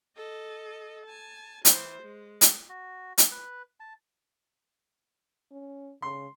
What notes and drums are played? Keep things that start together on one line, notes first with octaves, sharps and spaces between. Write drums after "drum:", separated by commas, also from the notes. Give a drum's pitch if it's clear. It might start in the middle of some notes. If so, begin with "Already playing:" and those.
A4 D#5
G#5 A5
E3 C5, drum: hi-hat
G#3
drum: hi-hat
F#4
drum: hi-hat
B4
A5
C#4
C#3 C6